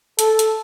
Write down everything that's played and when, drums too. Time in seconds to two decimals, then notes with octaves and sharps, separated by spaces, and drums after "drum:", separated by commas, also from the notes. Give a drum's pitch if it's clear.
0.19 A4, drum: hi-hat
0.39 drum: hi-hat